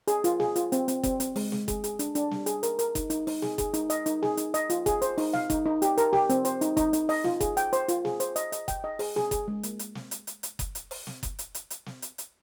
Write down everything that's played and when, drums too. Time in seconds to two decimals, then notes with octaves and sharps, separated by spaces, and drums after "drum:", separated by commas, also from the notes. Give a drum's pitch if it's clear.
0.08 G#4, drum: hi-hat
0.24 F4, drum: hi-hat
0.40 G#4, drum: snare
0.56 F4, drum: hi-hat
0.72 C4, drum: hi-hat
0.88 C4, drum: hi-hat
1.03 C4, drum: kick F#1, hi-hat
1.20 C4, drum: hi-hat
1.36 G#3, drum: open hi-hat
1.52 G#3, drum: snare
1.68 G#4, drum: kick F#1, hi-hat
1.84 G#4, drum: hi-hat
1.99 D4, drum: hi-hat
2.15 D4, drum: hi-hat
2.31 G3, drum: snare
2.46 G#4, drum: hi-hat
2.63 A#4, drum: hi-hat
2.79 A#4, drum: hi-hat
2.95 D#4, drum: kick F#1, hi-hat
3.10 D#4, drum: hi-hat
3.27 D#4, drum: open hi-hat
3.42 G#4, drum: snare
3.58 G#4, drum: kick F#1, hi-hat
3.74 D#4, drum: hi-hat
3.90 D#5, drum: hi-hat
4.06 D#4, drum: hi-hat
4.23 G#4, drum: snare
4.37 D#4, drum: hi-hat
4.54 D#5, drum: hi-hat
4.70 F4, drum: hi-hat
4.86 G#4, drum: kick F#1, hi-hat
5.02 C5, drum: hi-hat
5.18 D#4, drum: open hi-hat
5.33 F5, drum: snare
5.50 D#4, drum: kick F#1, hi-hat
5.66 D#4
5.82 G4, drum: hi-hat
5.98 A#4, drum: hi-hat
6.13 G4, drum: snare
6.30 C4, drum: hi-hat
6.45 C5, drum: hi-hat
6.61 D#4, drum: hi-hat
6.77 D#4, drum: kick F#1, hi-hat
6.93 D#4, drum: hi-hat
7.09 D#5, drum: open hi-hat
7.24 F4, drum: snare
7.40 G#4, drum: kick F#1, hi-hat
7.57 G5, drum: hi-hat
7.73 C5, drum: hi-hat
7.88 F4, drum: hi-hat
8.05 G#4, drum: snare
8.20 C5, drum: hi-hat
8.36 D#5, drum: hi-hat
8.52 D#5, drum: hi-hat
8.68 G5, drum: kick F#1, hi-hat
8.84 D#5
8.99 G#4, drum: open hi-hat
9.16 G#4, drum: snare
9.31 G#4, drum: kick F#1, hi-hat
9.48 G#3
9.63 A#3, drum: hi-hat
9.79 drum: hi-hat
9.95 drum: snare
10.11 drum: hi-hat
10.27 drum: hi-hat
10.43 drum: hi-hat
10.59 drum: kick F#1, hi-hat
10.75 drum: hi-hat
10.91 drum: open hi-hat
11.07 drum: snare
11.23 drum: kick F#1, hi-hat
11.39 drum: hi-hat
11.55 drum: hi-hat
11.70 drum: hi-hat
11.86 drum: snare
12.02 drum: hi-hat
12.18 drum: hi-hat